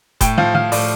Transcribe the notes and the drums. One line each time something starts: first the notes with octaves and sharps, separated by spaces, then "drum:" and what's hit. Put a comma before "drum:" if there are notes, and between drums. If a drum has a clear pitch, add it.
A2 G5, drum: kick F1, hi-hat
F3 F5
F3 F5
A2 D5, drum: open hi-hat